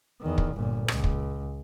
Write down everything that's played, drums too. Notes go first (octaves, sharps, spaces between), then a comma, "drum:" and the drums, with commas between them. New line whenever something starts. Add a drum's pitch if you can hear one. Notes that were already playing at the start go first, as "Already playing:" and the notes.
E2 D#3
drum: kick
G1 A#2
C#2, drum: rim click
drum: kick